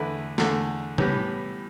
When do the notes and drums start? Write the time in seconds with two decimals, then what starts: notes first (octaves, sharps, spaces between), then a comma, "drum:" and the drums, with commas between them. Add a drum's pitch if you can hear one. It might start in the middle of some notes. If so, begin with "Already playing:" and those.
Already playing: E2 D3 A3 E4 B4
0.38 E2 D3 A3, drum: snare
0.98 A2 E3 G3 B3, drum: tom